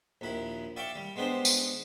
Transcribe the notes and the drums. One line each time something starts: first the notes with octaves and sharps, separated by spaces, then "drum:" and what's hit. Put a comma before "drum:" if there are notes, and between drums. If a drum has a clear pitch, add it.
A#1 D#2 E4 B5
D5 E5 F5 G5 C#6 D6
G3
G#3 B3 D4 G4 C5
drum: tambourine